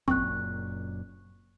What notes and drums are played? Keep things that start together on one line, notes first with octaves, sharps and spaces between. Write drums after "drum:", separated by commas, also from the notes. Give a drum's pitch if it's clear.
F#1 F#2 A#2 C4 C#6 F#6, drum: kick